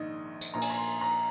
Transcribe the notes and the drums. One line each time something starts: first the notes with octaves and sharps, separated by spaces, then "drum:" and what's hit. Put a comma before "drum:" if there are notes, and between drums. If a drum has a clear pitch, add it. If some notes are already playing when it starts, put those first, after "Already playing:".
Already playing: A#1 G#2 D#3 D#5
drum: tambourine
A#1 A#2 A#5
G#5, drum: cymbal
A#5
C6
A#5